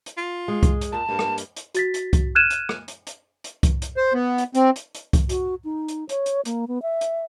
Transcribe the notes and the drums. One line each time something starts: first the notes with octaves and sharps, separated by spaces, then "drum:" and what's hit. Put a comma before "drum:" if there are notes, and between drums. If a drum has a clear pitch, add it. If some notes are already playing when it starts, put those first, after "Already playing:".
drum: hi-hat
F4
G#3
drum: kick C2, hi-hat
drum: hi-hat
A#2 A5
G2 A#3
drum: rim click
drum: hi-hat
drum: hi-hat
F#4 A6 B6, drum: hi-hat
drum: hi-hat
drum: kick C2, hi-hat
F6 F#6 G#6 D#7 E7
drum: hi-hat
drum: rim click
drum: hi-hat
drum: hi-hat
drum: hi-hat
drum: kick C2, hi-hat
drum: hi-hat
C5
B3
drum: hi-hat
C4, drum: hi-hat
drum: hi-hat
drum: hi-hat
drum: kick C2, hi-hat
F#4, drum: hi-hat
D#4
drum: hi-hat
C#5, drum: hi-hat
drum: hi-hat
A#3, drum: hi-hat
B3
E5
drum: hi-hat